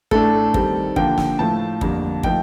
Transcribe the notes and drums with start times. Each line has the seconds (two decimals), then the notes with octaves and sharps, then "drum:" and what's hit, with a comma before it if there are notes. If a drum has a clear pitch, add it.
0.11 A2 A3 D4 A4, drum: kick
0.54 D#3 G3 C4, drum: kick
0.96 D3 F3 A#3 D4 G5, drum: kick
1.18 drum: snare
1.39 A2 F3 A3 A5
1.81 F2 D3 G3 A#3 D4, drum: kick
2.23 F3 A3 D#4 G5, drum: kick